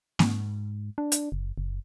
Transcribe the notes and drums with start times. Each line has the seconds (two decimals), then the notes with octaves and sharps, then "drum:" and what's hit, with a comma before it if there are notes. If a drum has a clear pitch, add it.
0.19 G#2, drum: snare A#3
0.98 D4
1.12 drum: hi-hat
1.32 F#1
1.58 F#1